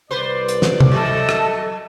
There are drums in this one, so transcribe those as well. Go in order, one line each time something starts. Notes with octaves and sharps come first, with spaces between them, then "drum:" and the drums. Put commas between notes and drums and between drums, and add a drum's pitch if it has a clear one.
C2 B4 C5 D5
drum: hi-hat
drum: snare
drum: tom C3
F#3 A4 D#5 E5
drum: rim click